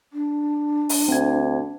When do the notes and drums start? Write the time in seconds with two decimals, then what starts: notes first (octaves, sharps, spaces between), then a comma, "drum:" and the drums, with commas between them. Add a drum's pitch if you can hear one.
0.13 D4
0.89 drum: open hi-hat
1.08 D2 C4 G#6